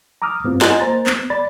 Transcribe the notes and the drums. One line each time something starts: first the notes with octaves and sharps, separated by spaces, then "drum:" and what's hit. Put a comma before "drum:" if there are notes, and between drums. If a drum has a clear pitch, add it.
A#5 D6 D#6 F6
G2 B3 C4 F4
D#5 F#5 G#5 A#5 C6, drum: snare
A#3 C5 A#5 A6
B3, drum: clap
D5 B5 A6